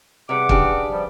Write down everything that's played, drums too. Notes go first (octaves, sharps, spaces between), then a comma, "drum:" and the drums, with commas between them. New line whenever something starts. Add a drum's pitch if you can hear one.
E2 C3 G3 F#5 D6
C#3 D4 G4, drum: kick
G2 F3 G3